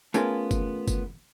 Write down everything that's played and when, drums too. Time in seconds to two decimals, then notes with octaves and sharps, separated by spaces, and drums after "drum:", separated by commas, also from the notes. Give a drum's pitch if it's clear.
0.14 A3 B3 C#4 F4 G#4 A#4, drum: tambourine
0.51 drum: kick F#1, tambourine
0.87 drum: kick F#1, tambourine